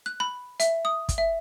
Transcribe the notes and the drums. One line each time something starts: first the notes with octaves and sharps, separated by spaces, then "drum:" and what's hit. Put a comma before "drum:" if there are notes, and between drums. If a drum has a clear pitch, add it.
F#6
B5
E5, drum: hi-hat
D#6
drum: kick, hi-hat
E5